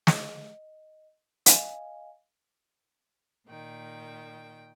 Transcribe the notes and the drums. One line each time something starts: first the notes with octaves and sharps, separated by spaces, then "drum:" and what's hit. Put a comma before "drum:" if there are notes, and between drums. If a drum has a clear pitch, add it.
D#5, drum: snare
D#5 F5 G#5, drum: hi-hat
A#2 D#3 G5